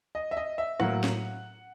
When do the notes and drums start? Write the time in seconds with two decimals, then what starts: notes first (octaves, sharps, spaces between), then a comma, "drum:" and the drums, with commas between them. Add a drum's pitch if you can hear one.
0.15 D#5
0.31 E5
0.37 D#5
0.58 E5
0.80 A2 F#3 A#3 F#5, drum: rim click
1.04 drum: snare